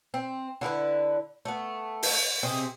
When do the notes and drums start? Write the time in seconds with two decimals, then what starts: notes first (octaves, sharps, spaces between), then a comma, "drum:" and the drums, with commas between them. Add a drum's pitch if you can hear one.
0.14 C4
0.61 D3 E4 G4 B4
1.45 A3 B3
2.03 drum: open hi-hat
2.43 C3 C4 G#4 D#5